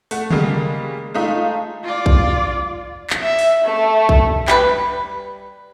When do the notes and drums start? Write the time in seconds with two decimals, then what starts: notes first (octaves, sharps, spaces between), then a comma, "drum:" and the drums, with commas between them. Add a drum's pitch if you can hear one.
0.11 A3 F#5, drum: open hi-hat
0.30 C#3 G3 G#3 A#3, drum: tom D3
1.14 G#3 A3 D#4 F4
1.84 F4 D5
2.06 drum: kick A#1
3.10 drum: clap
3.22 E5
3.39 drum: open hi-hat
3.64 A3
4.09 drum: kick A#1
4.48 G3 B4, drum: clap